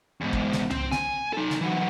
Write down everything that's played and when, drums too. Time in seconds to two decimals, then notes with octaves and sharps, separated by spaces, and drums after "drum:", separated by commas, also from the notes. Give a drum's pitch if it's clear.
0.21 E2 G#2
0.33 drum: kick
0.52 drum: snare
0.70 C4, drum: tom C2
0.91 G#5, drum: snare
1.33 D#4 A4
1.50 drum: snare
1.61 E3 F#3